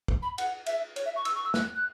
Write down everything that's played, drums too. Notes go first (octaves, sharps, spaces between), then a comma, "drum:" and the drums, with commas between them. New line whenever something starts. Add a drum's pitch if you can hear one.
drum: kick
B5
F#5, drum: cymbal
E5, drum: cymbal
C#5, drum: cymbal
E5
C#6
E6, drum: cymbal
C#6
E6
F#6, drum: snare
F#6